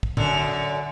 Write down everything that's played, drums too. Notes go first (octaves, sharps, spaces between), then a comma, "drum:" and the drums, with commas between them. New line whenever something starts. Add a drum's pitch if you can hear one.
drum: kick
F#2 D3, drum: tom